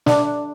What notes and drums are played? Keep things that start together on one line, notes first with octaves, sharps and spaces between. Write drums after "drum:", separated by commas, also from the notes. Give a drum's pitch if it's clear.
D4, drum: snare